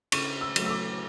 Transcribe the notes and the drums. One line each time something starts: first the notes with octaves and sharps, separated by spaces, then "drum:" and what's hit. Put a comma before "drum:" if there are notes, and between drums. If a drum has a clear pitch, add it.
C#3 C#6, drum: cymbal
E6
F#3 A3, drum: cymbal
E6
D6